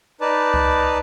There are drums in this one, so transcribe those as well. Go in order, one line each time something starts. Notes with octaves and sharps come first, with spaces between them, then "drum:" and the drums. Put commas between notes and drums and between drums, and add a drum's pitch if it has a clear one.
D#4 B4 D5 A5
drum: kick C2